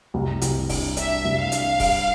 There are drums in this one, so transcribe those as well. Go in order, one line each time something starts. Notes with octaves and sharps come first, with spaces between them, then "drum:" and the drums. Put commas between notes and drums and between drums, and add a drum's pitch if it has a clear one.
C2
C2, drum: hi-hat
D4, drum: kick E1, open hi-hat
D4 E5, drum: hi-hat
C2
F5
D4, drum: hi-hat
G3, drum: kick E1, open hi-hat